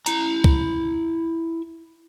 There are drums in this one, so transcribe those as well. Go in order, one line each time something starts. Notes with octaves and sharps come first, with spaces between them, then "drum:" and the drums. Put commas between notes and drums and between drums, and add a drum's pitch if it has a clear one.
E4 A#5, drum: hi-hat
drum: kick